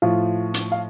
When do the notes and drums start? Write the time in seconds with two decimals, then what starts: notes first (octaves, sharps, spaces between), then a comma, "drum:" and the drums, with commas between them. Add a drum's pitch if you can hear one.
0.02 A2 F3 F4
0.54 drum: hi-hat
0.72 F5